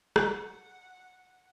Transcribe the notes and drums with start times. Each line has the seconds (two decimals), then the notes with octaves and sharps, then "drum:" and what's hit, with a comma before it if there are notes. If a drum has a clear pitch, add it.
0.16 F#5, drum: rim click